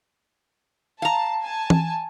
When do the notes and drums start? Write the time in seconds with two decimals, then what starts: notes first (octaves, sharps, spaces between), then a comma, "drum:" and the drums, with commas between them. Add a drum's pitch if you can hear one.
1.02 F5 A5 A#5
1.43 G#5 A5
1.70 drum: tom E3